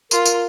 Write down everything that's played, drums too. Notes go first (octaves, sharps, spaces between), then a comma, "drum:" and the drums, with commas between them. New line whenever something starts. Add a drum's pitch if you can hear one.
F4 A#4, drum: tambourine
drum: tambourine